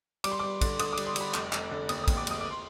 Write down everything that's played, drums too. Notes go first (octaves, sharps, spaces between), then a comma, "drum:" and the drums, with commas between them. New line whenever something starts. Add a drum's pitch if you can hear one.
G3 D6, drum: cymbal
C6
G3 D6
D3, drum: kick, cymbal
D3 D#6, drum: cymbal
D6
G3, drum: cymbal
C6
G3, drum: cymbal
B5
F1 D6, drum: clap
F1, drum: clap
D3
D#2 D#6, drum: cymbal
D#6
D#2, drum: kick, cymbal
D6
F1 D#6, drum: cymbal
D6
C6